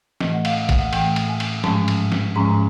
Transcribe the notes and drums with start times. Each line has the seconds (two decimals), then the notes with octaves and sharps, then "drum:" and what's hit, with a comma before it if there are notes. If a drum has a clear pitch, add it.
0.20 A2 E3 A3 D#5, drum: snare
0.33 F#5
0.45 F5, drum: cymbal
0.69 F#5, drum: kick A1, cymbal
0.93 A2 E3 A3 G5, drum: cymbal
1.16 drum: cymbal
1.29 G#5
1.40 drum: cymbal
1.64 G#2 F3 G#3 C#4 A5, drum: snare
1.88 drum: cymbal
2.12 drum: snare
2.36 G#2 F3 G#3 C#4 A#5